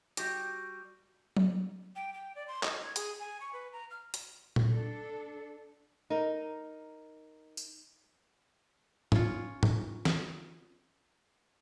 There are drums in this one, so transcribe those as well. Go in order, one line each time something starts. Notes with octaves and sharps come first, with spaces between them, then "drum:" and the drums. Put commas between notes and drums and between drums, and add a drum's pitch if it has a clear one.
G3 F#4 G4, drum: hi-hat
drum: tom F#3
G5
G5
D5
C6
D#5, drum: clap
G#6
G#4, drum: hi-hat
G#5
C#6
B4
A#5
F6
drum: hi-hat
drum: tom A#2
D4 A4
D#4 A#4
drum: tambourine
C#4 F4, drum: tom G#2
drum: tom G#2
drum: snare